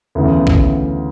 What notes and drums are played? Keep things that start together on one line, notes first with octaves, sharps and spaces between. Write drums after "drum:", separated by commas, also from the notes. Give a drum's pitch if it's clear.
D2 C#3 E3 B3
drum: kick